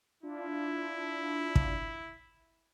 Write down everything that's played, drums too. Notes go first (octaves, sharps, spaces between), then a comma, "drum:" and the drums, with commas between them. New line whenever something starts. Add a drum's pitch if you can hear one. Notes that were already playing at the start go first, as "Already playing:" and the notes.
D4 E4 F4
drum: kick